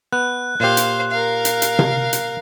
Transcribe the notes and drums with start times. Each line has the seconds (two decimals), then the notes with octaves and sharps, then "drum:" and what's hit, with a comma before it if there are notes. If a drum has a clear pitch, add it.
0.13 B3 F#6
0.60 A#2 G4 C5 F5
0.77 drum: hi-hat
1.11 A#4 F5
1.45 drum: hi-hat
1.62 drum: hi-hat
1.79 drum: tom C3
2.13 drum: hi-hat